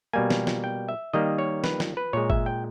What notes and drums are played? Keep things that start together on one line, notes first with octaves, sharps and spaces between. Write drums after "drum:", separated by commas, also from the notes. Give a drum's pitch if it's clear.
B2 G3 A#3 G#5
drum: snare
drum: snare
G5
E5
D#3 G3 A#3 D#5
C#5
B4, drum: snare
drum: snare
B4
A#2 G#3 C#5
E5, drum: kick
G5